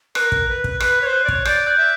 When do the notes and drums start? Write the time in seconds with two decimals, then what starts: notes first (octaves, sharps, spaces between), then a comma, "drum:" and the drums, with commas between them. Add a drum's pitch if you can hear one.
0.15 A#4 B4 F#6, drum: rim click
0.32 drum: kick
0.48 B4
0.64 drum: kick
0.80 B4 F#6, drum: rim click
1.02 C#5
1.06 C5
1.13 F#6
1.24 D5
1.28 C#5, drum: kick
1.45 D5 G6, drum: rim click
1.67 F#6
1.77 E5